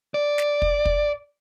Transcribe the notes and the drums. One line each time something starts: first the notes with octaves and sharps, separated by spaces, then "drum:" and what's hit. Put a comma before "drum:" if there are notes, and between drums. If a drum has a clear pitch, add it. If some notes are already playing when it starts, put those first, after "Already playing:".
D5
drum: snare
drum: kick
drum: kick